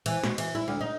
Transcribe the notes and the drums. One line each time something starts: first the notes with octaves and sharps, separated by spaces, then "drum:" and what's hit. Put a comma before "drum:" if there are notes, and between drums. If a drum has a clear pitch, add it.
E3, drum: cymbal
B2, drum: snare
E3, drum: cymbal
E4
D2
D#4